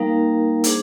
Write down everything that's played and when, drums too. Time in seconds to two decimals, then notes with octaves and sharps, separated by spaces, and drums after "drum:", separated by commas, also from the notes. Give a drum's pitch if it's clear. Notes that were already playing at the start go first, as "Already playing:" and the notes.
Already playing: G3 A#3 D#4 A#4 F5
0.64 D4 G#4 C5, drum: hi-hat